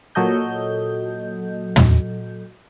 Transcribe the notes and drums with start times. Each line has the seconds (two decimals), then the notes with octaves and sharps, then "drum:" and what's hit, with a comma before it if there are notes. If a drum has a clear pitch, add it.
0.15 A#2 F#3 F#4 A4 D#5 G6
1.76 drum: tom